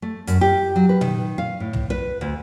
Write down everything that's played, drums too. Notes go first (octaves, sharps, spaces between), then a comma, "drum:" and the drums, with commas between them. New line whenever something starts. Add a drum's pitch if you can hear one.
A3
F#2, drum: hi-hat
G4
F#3
B4
D#3, drum: tom A#2
F5
A2
drum: tom
B4
D2